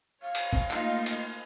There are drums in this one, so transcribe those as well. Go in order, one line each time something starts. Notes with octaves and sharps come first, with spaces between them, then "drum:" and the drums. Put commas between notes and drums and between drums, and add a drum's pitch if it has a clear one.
C#5 F5
drum: cymbal
drum: kick
A3 A#3 D#4 F4, drum: clap
drum: cymbal